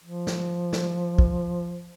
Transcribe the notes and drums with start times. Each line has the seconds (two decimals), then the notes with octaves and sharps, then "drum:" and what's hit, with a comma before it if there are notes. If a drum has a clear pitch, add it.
0.04 F3
0.27 drum: snare
0.73 drum: snare
1.18 drum: kick